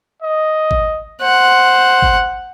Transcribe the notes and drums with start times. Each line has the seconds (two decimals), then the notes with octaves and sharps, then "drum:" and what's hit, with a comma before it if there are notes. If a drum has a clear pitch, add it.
0.23 D#5
0.71 drum: kick
1.22 C5 F#5
2.02 drum: kick